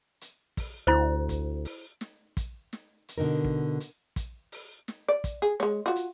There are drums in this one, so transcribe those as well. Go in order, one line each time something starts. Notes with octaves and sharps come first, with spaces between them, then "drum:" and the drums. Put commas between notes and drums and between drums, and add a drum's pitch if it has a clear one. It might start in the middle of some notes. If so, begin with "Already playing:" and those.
drum: hi-hat
drum: kick, open hi-hat
D2 E4 C5
drum: kick, hi-hat
drum: open hi-hat
drum: snare
drum: kick, hi-hat
drum: snare
drum: hi-hat
B2 D3 D#4 A#4
drum: kick
drum: hi-hat
drum: kick, hi-hat
drum: open hi-hat
drum: snare
D5
drum: kick, hi-hat
G#4
G#3 C#5, drum: snare
F4 F#4
drum: hi-hat